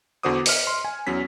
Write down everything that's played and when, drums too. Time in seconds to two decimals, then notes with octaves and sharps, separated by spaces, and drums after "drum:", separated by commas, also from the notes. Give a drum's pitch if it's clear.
0.23 E2 D3 F#4 C5 D6 D#6
0.46 F6 C#7, drum: open hi-hat
0.67 C6
0.85 G#5
1.07 E2 F#3 C#4 B6